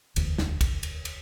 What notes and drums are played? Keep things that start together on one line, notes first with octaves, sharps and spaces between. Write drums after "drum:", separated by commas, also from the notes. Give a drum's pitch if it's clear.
E1 D2, drum: cymbal
drum: snare
drum: kick, cymbal
drum: cymbal
drum: cymbal